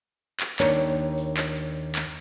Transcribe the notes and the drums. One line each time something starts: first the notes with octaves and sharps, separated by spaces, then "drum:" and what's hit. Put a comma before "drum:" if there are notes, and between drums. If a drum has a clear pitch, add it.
drum: clap
D#2 D4 A#4 C#5, drum: clap
drum: open hi-hat
drum: clap
drum: hi-hat
drum: clap